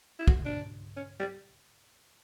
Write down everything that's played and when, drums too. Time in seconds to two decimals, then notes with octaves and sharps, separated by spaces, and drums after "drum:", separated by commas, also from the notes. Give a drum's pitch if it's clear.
0.19 E4
0.28 F#4, drum: kick
0.45 D4
0.97 C#4
1.19 G3